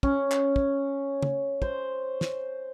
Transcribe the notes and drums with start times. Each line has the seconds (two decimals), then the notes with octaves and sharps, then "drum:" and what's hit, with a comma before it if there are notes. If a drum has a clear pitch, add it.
0.03 C#4, drum: kick
0.32 drum: clap
0.56 drum: kick
1.22 drum: tom
1.62 C5, drum: kick
2.21 drum: snare